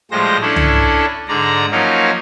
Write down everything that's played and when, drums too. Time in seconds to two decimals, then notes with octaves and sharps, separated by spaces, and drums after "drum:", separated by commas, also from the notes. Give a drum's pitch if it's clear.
0.11 A2 F3 G3 G#3 C5 A#6
0.42 C#4 D4 E4 A4
0.56 drum: tom
1.28 G#2 D3 D5 A#5
1.72 F3 F#3 A#3 C#4 D#4 A#4